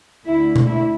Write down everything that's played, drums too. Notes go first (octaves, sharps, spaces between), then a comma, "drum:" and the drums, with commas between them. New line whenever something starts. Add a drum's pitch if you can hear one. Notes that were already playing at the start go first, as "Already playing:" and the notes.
D2 D3 E4
drum: tom B2
E4